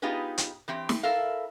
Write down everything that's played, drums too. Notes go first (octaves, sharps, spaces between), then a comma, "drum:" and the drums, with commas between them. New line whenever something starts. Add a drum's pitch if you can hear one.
B3 D#4 F4 G4 G#4 B4
drum: hi-hat
E3 C4 G4
drum: snare
E4 A4 A#4 F5